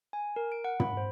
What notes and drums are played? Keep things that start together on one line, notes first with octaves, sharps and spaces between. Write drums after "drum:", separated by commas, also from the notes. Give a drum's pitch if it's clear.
G#5
A#4
D7
F#5
B5, drum: tom
C5